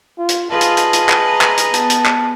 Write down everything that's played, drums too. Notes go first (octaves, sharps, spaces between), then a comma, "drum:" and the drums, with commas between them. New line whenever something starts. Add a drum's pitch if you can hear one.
F4
drum: hi-hat
F4 G#4 B4 D#5 A5
drum: hi-hat
drum: hi-hat
drum: hi-hat
drum: clap
A#5
drum: clap
drum: hi-hat
B3 A5, drum: hi-hat
drum: hi-hat
drum: clap